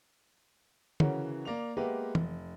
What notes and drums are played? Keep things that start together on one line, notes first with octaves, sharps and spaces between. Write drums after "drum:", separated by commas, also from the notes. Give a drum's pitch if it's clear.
C#3 E3 C#4 F#4 A#4, drum: tom
A#3 D5 F7
G#3 A#3 B3 G4 B4 E5
F1, drum: tom